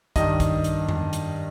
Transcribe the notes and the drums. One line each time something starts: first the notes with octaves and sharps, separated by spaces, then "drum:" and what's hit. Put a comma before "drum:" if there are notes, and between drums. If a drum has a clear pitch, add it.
G2 D#3 D#5, drum: kick, hi-hat
drum: kick, hi-hat
drum: hi-hat
drum: tom E2
drum: hi-hat